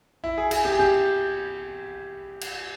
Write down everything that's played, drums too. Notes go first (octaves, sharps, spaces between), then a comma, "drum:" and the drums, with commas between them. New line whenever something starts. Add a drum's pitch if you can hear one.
E4
G#4
G#4, drum: cymbal
G4
G#4
G4
drum: cymbal